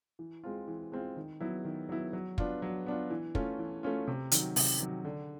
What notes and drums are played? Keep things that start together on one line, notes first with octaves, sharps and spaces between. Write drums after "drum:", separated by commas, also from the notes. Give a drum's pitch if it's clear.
E3
G#3 C4 F4
E3
G#3 C4 F4
D#3
F#3 B3 E4
D#3
F#3 B3 E4
F#3
B3 D4 F4, drum: kick
F#3
B3 D4 F4
E3
A3 C#4 F4, drum: kick
E3
A3 C#4 F4
C3
D#3 F#3, drum: hi-hat
C3, drum: open hi-hat
D#3 F#3
D3